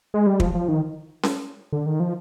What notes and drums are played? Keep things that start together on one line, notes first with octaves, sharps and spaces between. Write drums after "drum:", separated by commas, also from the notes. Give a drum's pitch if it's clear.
G#3
G3
F3, drum: kick
F3
D#3
drum: snare C#4
D3
D#3
F3